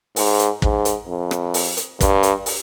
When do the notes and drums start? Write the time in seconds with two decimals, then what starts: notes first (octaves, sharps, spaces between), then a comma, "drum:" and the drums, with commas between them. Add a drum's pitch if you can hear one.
0.16 G#2, drum: open hi-hat
0.39 drum: hi-hat
0.62 G#2, drum: kick
0.85 drum: hi-hat
1.07 F2
1.31 drum: rim click
1.54 drum: open hi-hat
1.77 drum: hi-hat
2.01 G2, drum: kick, hi-hat
2.23 drum: hi-hat
2.46 drum: open hi-hat